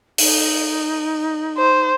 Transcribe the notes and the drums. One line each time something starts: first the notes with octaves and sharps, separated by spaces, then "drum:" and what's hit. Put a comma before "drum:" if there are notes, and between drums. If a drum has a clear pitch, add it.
D#4, drum: open hi-hat
C5